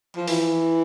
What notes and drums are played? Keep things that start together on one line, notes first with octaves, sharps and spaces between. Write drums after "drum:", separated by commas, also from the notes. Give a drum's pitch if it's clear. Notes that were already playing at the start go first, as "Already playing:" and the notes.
F3
E3, drum: open hi-hat